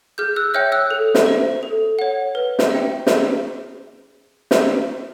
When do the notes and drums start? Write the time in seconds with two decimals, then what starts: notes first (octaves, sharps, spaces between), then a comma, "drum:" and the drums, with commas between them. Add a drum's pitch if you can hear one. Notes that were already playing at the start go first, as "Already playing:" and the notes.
0.18 G#4 F6 G6
0.36 E6 F#6
0.54 C#5 E5 G5 F6 G6
0.72 E6 F#6
0.91 A4
1.15 drum: snare
1.26 C5 E5
1.63 A4
1.99 C#5 F#5
2.35 B4
2.59 drum: snare
2.71 E5 G5
3.07 G#4, drum: snare
4.51 drum: snare